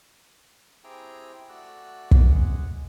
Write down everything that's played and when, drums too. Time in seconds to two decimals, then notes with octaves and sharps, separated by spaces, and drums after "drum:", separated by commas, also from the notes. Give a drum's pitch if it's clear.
0.84 C4 E4 G4 G#4 G5 A#5
1.49 A3 F#4 D5 E6 F#6
2.11 drum: kick
2.26 G#3 F#5